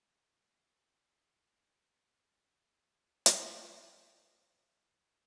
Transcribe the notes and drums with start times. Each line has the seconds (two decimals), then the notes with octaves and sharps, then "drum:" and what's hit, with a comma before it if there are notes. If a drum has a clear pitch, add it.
0.13 G#4 C5 E5 A5
2.87 E2 G3 D#4
3.26 drum: hi-hat